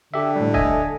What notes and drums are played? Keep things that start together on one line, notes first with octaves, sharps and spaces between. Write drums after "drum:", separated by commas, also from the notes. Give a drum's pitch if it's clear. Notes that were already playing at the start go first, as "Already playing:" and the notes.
D3 G4 E5
A2 G3
D#5 E5 G#5, drum: kick D#1